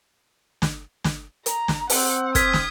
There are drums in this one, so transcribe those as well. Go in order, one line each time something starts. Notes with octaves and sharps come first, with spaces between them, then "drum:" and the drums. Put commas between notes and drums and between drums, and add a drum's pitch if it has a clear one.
drum: snare
drum: snare
A#5, drum: hi-hat
drum: snare
C4 F#5, drum: open hi-hat
D#6 F6 G#6 B6, drum: kick, hi-hat
drum: snare